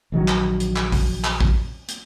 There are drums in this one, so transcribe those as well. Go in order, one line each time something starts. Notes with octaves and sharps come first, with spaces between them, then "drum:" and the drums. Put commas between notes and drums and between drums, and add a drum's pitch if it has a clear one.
A#1 D#3 F#3
drum: clap
drum: hi-hat
drum: clap
drum: kick, open hi-hat
drum: clap
drum: kick
drum: hi-hat